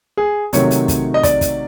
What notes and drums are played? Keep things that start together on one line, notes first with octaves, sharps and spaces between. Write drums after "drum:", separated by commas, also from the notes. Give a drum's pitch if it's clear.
G#4
C3 D#3 F#3 A3 C4 C#5, drum: hi-hat
drum: hi-hat
drum: kick, hi-hat
D#5
D5, drum: kick, hi-hat
drum: kick, hi-hat